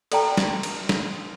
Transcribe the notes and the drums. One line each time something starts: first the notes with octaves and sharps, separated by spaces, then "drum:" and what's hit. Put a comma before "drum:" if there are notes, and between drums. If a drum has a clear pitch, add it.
A4 D5 G5 A#5, drum: cymbal
drum: snare
drum: cymbal
drum: snare